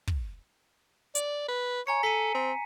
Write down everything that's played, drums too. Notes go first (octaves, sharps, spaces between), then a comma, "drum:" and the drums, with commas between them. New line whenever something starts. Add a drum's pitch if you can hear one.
drum: kick
D5, drum: hi-hat
B4
C#5 G#5 A#5 C#7
A4 B6 C7 D#7
C4